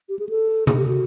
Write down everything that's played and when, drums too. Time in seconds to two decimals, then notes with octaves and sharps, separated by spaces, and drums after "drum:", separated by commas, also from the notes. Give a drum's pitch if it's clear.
0.09 G4
0.19 G#4
0.29 A4
0.67 G#4, drum: tom C3
0.77 G4
0.87 F#4